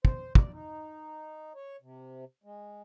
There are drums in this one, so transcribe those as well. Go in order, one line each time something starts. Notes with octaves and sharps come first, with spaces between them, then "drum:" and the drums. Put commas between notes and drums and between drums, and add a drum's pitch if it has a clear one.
C5, drum: kick
D5, drum: kick
D#4
C#5
C3
G#3